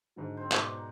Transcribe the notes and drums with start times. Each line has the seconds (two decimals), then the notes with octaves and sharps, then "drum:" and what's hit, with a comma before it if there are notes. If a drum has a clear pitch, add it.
0.16 G#2 D3 F#3
0.37 C4 C5
0.52 G#2 B2 C4 D5, drum: clap
0.74 F#5 A#5